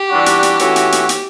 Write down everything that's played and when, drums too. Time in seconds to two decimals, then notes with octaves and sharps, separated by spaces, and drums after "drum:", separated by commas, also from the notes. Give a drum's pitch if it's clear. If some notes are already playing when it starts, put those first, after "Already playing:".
Already playing: G4
0.09 E3 G3 D4 F#4
0.26 drum: hi-hat
0.43 drum: hi-hat
0.59 E3 A3 C#4 F#4, drum: hi-hat
0.76 drum: hi-hat
0.92 drum: hi-hat
1.09 drum: hi-hat